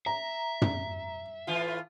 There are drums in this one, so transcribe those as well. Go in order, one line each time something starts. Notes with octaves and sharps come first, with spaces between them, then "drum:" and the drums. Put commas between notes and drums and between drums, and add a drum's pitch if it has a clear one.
E5 A#5
drum: tom
A2 E3 F4